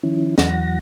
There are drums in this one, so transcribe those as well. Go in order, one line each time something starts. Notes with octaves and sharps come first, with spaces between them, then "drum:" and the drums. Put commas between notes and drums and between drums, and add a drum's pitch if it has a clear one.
D#3 F3 C#4 E4
E2 E3 F#3 F#5 A#6, drum: snare